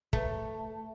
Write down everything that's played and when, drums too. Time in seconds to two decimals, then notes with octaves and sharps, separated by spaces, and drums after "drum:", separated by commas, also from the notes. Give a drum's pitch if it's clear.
0.13 A3, drum: kick